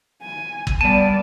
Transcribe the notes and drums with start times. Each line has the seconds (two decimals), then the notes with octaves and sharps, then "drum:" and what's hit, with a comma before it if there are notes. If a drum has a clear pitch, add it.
0.23 G#5
0.67 drum: kick
0.81 G3 B3 D5 A5 D#7